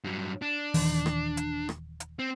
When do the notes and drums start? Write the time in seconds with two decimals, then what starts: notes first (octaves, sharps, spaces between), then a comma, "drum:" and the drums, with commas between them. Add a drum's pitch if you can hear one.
0.04 G2 F#3
0.42 D4
0.74 D#1 D#3 E3, drum: open hi-hat
1.06 drum: rim click
1.37 drum: hi-hat
1.69 drum: rim click
2.00 drum: hi-hat
2.19 C4